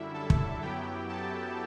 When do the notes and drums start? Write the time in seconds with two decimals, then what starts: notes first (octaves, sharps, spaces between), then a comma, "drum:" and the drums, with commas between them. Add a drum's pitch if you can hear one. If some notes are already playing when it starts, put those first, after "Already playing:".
Already playing: F#2 D3 G3 E4 E5
0.14 A4 A5
0.30 drum: kick
0.62 F#2 F#3 B3 E4 G4 G5
1.09 A4 A5